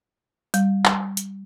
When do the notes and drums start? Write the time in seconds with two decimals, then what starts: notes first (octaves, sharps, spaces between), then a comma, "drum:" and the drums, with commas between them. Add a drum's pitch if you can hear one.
0.54 G3, drum: hi-hat
0.85 drum: clap
1.17 drum: hi-hat